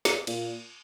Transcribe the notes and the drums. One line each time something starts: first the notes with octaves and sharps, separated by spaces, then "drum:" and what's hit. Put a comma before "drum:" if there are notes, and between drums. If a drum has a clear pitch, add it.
drum: snare
A#2, drum: cymbal